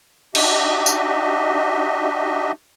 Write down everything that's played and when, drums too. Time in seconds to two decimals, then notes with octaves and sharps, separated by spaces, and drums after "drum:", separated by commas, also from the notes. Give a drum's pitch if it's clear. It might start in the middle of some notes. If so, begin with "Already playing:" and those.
0.35 D4 D#4 F#4 G4 D#5 E5, drum: cymbal
0.86 drum: tambourine